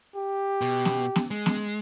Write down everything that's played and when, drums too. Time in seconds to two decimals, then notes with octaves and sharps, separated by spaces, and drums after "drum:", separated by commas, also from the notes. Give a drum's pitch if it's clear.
0.16 G4
0.61 B2
0.85 drum: snare B3
1.16 drum: snare B3
1.31 G#3
1.46 drum: snare B3